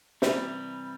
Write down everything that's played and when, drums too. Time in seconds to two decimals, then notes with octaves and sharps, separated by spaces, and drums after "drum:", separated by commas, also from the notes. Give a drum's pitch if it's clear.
0.22 C3 E3 G3, drum: snare